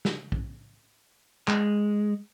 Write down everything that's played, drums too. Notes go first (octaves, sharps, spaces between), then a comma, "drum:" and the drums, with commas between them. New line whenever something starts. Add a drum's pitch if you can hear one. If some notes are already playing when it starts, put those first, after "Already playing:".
drum: snare
drum: kick
G#3, drum: clap